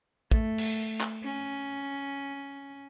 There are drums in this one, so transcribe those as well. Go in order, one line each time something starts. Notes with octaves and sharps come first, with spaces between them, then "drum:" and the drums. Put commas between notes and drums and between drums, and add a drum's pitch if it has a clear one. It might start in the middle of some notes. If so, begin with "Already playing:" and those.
A3, drum: kick
drum: cymbal
drum: clap
C#4